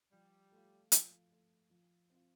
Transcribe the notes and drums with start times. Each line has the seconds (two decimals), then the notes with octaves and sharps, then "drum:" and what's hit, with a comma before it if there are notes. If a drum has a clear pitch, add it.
0.12 F3 G3
0.52 A3 F4
0.92 F3, drum: hi-hat
1.31 A3 F4
1.70 F3
2.10 C4 F4